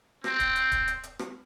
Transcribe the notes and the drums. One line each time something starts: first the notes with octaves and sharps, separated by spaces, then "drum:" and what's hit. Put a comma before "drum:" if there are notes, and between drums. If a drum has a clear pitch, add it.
C4, drum: rim click
drum: kick D1, hi-hat
drum: hi-hat
drum: kick D1, hi-hat
drum: hi-hat
drum: hi-hat
drum: rim click